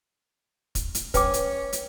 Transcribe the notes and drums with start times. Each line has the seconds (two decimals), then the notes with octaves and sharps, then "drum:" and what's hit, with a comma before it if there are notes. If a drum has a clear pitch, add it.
0.75 drum: kick, hi-hat
0.95 drum: hi-hat
1.14 C#4 B4 G5 D6, drum: kick, hi-hat
1.34 drum: hi-hat
1.73 drum: hi-hat